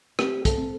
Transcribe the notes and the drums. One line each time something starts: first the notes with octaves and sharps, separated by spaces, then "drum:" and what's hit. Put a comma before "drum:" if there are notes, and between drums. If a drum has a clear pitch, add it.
C4 G4, drum: rim click
A4, drum: kick, hi-hat
C4